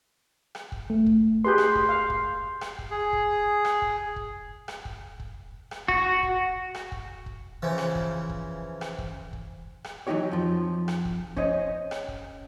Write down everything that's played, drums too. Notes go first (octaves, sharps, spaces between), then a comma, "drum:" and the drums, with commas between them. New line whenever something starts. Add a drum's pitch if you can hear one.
drum: rim click
drum: kick
A3
drum: kick
G4 G#4 B4 C6 G6
drum: rim click
drum: kick
F5
drum: kick
drum: rim click
drum: kick
G#4
drum: kick
drum: rim click
drum: kick
drum: kick
drum: rim click
drum: kick
drum: kick
drum: rim click
F#4, drum: kick
drum: kick
drum: rim click
drum: kick
drum: kick
C#3 E3 F3
drum: rim click
drum: kick
drum: kick
drum: rim click
drum: kick
drum: kick
drum: rim click
E3 F#3 B3 D#4 G4 C#5
F2 F3
drum: rim click
drum: kick
C#4 C5 C#5 D#5, drum: kick
drum: rim click
drum: kick